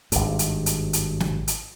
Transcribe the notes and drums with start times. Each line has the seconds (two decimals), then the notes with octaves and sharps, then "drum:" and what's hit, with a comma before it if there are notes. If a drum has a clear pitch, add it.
0.12 G#1 G2, drum: hi-hat
0.39 drum: hi-hat
0.66 drum: hi-hat
0.93 drum: hi-hat
1.20 drum: snare
1.48 drum: hi-hat